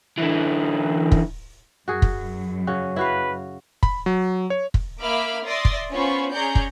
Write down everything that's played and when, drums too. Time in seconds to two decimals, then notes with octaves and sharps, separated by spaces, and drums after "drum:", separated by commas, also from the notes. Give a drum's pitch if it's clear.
0.18 D3 E3
1.12 drum: kick
1.88 F#2 F#4 G#4 A#4
2.02 drum: kick
2.67 C#3 C#4 F#4
2.96 E4 F#4 B4 F5
3.83 B5, drum: kick
4.06 F#3
4.50 C#5
4.74 drum: kick
5.01 A#3 E5 B5 D6 F6
5.45 D5 E5 C6 D#6 A6 A#6
5.65 drum: kick
5.91 B3 C#4 F4 C5 B5 C#6
6.33 C#4 G#4 D5 A#5 G6 C#7
6.55 drum: kick